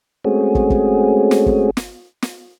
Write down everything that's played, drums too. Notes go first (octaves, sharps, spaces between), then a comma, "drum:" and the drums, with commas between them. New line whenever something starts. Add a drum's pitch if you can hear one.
G#3 A3 C4 C#4 F#4 G#4
drum: kick
drum: kick
drum: snare
drum: kick
drum: snare
drum: snare